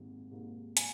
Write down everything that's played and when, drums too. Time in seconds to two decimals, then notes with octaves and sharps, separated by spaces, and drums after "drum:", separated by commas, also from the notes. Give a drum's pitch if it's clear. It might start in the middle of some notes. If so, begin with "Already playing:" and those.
Already playing: G#1 G#2 G3 A#3
0.31 G#2 G3 A#3
0.77 G#5, drum: hi-hat